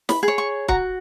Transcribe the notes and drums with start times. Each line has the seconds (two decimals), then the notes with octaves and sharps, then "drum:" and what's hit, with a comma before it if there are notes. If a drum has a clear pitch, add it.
0.09 B5, drum: snare
0.23 G#4
0.28 C#5
0.38 C#6
0.68 F#4 A#5, drum: kick C#1